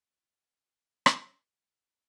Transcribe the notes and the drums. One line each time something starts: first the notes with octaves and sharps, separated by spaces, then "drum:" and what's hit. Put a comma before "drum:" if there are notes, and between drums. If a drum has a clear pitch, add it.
D3 E3 G3 A3 C#4 G#4
drum: rim click